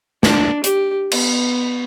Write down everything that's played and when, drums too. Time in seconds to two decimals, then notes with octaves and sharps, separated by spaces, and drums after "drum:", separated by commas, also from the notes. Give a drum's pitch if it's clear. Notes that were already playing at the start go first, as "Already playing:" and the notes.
0.23 D4, drum: snare
0.64 G4, drum: hi-hat
1.12 B3, drum: cymbal